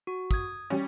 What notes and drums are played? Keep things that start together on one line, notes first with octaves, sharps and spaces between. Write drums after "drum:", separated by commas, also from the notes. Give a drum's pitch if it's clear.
F#4
D#6 G#6, drum: kick
G3 C#4